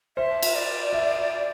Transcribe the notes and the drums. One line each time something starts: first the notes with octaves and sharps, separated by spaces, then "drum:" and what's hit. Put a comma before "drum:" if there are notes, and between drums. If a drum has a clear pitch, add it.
C5 E5
drum: cymbal
D5
E5